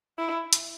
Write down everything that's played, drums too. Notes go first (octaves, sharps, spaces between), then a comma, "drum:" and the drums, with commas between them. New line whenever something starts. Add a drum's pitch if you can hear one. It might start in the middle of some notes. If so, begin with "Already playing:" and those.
E4
drum: hi-hat